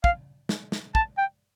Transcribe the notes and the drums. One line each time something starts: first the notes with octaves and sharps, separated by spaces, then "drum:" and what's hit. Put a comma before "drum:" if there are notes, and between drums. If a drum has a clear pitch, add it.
F5, drum: kick
drum: snare
drum: snare
A5, drum: kick
G5